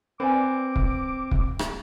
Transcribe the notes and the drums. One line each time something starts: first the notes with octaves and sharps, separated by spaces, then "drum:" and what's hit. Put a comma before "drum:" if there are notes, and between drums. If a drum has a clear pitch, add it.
C4 B4 D5 G#5 D6
drum: kick
drum: kick
drum: rim click